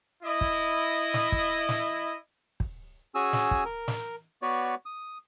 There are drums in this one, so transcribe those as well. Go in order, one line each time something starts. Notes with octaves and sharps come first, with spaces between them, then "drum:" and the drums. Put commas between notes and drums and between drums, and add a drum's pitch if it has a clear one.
E4 D#5
drum: kick
drum: snare
drum: kick
drum: snare
drum: kick
C#4 F#4 G#4 G#5 E6
drum: snare
drum: kick
A#4
drum: snare
B3 F#4 B4 C#5 D5
D#6